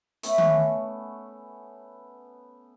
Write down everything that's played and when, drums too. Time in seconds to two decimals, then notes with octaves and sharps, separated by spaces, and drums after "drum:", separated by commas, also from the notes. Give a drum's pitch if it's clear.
0.23 A3 B3 C#4, drum: hi-hat
0.38 drum: tom D#3